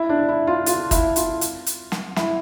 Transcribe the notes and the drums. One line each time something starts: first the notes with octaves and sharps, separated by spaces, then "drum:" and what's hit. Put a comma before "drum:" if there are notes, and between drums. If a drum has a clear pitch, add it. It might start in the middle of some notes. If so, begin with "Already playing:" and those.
Already playing: E4
D4
E4
F4
F4, drum: hi-hat
E4, drum: kick, hi-hat
F4, drum: hi-hat
drum: hi-hat
drum: hi-hat
drum: snare
E4, drum: snare